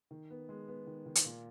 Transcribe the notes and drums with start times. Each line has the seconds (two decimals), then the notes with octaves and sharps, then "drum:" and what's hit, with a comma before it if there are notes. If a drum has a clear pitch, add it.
0.11 D#3
0.30 B3
0.49 G#3
0.68 B3
0.87 D#3
1.06 D#3
1.15 drum: hi-hat
1.25 A#2